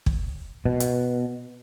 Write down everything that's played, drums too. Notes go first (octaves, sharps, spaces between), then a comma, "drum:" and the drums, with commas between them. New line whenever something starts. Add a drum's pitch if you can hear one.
drum: kick
B2
drum: hi-hat